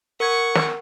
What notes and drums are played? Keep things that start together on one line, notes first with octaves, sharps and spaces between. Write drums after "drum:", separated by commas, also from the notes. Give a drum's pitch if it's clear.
A#4 F#5 C#6 G#6
drum: snare